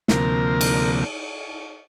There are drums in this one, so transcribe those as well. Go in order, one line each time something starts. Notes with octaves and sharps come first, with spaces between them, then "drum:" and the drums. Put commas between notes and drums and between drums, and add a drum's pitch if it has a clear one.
D2 C3 F3 A#3 A#4, drum: snare
drum: cymbal